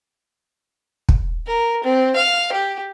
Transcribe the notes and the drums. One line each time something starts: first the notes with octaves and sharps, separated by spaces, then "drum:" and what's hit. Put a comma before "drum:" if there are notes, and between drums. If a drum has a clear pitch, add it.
drum: kick
A#4
C4
F5
G4